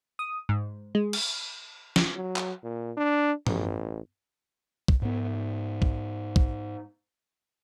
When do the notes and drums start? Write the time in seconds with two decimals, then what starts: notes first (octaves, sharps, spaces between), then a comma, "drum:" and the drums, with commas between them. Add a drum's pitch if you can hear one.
0.19 D#6
0.49 G#2
0.95 G#3
1.13 drum: cymbal
1.96 drum: snare
2.16 F#3
2.36 drum: clap
2.63 A#2
2.97 D4
3.47 A1, drum: tom G2
4.88 drum: kick
5.02 G#2 B3
5.82 drum: kick
6.36 drum: kick